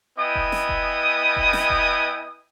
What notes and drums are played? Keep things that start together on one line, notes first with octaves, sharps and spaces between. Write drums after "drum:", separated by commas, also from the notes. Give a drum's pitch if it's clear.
B3 E4 D#5 G5 G#5 D#6
drum: kick F1
drum: snare
drum: kick F1
drum: kick F1
drum: snare
drum: kick F1